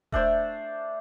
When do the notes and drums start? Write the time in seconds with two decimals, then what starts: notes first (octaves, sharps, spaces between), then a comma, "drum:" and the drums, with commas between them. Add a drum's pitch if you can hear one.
0.12 A3 D4 C5 D5, drum: kick D#1